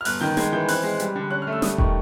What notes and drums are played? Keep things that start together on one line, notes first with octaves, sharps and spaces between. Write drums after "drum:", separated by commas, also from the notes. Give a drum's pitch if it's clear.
F6
G1 F#6, drum: open hi-hat
D#3 G6
G#3 G#6, drum: snare
E3 G6
C4 F#6, drum: open hi-hat
G#3
G3, drum: hi-hat
D3
C#4 F#6
F6
A3
E6
G3 D#6, drum: snare
D#3 C#6, drum: kick E1